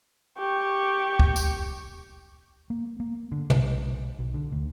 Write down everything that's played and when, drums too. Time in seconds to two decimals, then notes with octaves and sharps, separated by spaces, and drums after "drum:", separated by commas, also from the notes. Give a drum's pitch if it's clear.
0.38 G4 C#6
1.20 drum: kick
1.36 drum: tambourine
2.70 A#3
3.00 A#3
3.32 D3
3.50 B1, drum: tom
4.19 B1
4.34 D3
4.52 D2